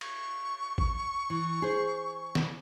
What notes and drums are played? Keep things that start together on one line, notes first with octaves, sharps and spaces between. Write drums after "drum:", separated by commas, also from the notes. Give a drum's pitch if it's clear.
C#6, drum: cymbal
drum: kick
E3
G#4 C5
drum: snare